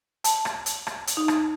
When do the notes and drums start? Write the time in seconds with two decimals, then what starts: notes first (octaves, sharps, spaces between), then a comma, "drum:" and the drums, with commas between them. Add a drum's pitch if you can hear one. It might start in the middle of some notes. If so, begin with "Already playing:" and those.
0.24 A5, drum: hi-hat
0.45 drum: rim click
0.66 drum: hi-hat
0.87 drum: rim click
1.07 drum: hi-hat
1.17 D#4
1.28 drum: rim click